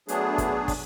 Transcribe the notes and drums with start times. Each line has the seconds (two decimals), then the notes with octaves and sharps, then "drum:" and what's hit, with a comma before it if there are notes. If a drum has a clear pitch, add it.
0.08 F#3 A3 B3 D4 G#4, drum: hi-hat
0.38 drum: kick, hi-hat
0.68 drum: kick, open hi-hat